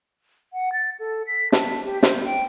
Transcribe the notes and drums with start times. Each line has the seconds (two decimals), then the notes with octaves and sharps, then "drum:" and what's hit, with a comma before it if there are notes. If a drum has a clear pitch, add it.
0.53 F#5
0.73 A6
1.00 A4
1.27 B6
1.52 A5, drum: snare
1.85 G4
2.03 C5, drum: snare
2.25 G5